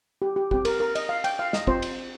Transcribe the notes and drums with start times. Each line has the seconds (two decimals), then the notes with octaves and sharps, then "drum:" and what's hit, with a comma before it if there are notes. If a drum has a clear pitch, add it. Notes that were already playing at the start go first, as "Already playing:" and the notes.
0.22 G4
0.36 G4
0.51 C4 G4, drum: kick
0.65 A#4, drum: cymbal
0.80 A#4
0.95 D#5, drum: cymbal
1.09 F5
1.24 G5, drum: cymbal
1.39 F5
1.53 D#5, drum: snare
1.67 C4 F4 C5, drum: kick
1.82 drum: cymbal